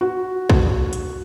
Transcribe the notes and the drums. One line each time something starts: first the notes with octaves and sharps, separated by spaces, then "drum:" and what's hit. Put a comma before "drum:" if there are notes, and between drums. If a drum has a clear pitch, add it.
F#4
drum: kick
drum: hi-hat